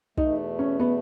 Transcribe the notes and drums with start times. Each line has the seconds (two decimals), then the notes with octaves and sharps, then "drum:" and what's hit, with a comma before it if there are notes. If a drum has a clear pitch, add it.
0.17 E2 B2 A3 D#4, drum: kick
0.59 C#4
0.80 B3